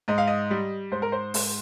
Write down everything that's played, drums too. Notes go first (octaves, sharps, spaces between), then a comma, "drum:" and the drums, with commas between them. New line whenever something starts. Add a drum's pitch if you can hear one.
G#2 D#5
F5
D#5
G3
G#2 C5
A#4
C5
G#2, drum: open hi-hat